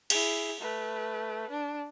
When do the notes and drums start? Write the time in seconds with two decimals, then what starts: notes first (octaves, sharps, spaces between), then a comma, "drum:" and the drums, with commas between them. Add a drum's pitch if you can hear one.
0.10 E4 G#4, drum: cymbal
0.61 A3 B4
1.50 D4